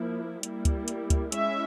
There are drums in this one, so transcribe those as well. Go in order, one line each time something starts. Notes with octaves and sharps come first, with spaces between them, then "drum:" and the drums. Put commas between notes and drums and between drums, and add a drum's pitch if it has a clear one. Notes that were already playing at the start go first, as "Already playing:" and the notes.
Already playing: F3 A#3 E4
G3 A#3 E4, drum: hi-hat
drum: kick C#2, hi-hat
drum: hi-hat
drum: kick C#2, hi-hat
G#3 C#4 E4 E5, drum: hi-hat